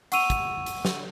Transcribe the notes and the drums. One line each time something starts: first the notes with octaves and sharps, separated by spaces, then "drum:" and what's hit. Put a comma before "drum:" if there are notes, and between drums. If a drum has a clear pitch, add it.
F#5 C#6 E6 D#7 F7, drum: hi-hat
drum: kick, hi-hat
drum: hi-hat
drum: snare